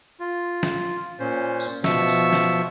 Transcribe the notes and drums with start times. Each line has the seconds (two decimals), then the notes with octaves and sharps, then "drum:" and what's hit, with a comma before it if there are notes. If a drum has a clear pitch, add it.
0.20 F4
0.63 drum: snare
1.20 A#2 C#4 C5
1.60 drum: tambourine
1.84 B2 F3 E5 C#6 E6, drum: snare
2.08 drum: tambourine
2.33 drum: snare